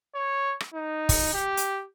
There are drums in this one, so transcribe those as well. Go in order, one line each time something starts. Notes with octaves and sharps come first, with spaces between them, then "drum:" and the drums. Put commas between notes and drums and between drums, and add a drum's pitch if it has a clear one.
C#5
drum: rim click
D#4
drum: kick, open hi-hat
G4
drum: hi-hat